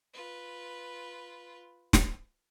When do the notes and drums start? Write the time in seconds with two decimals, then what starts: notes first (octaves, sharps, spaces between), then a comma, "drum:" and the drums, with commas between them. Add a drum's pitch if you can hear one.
0.13 F4 B4
1.93 drum: snare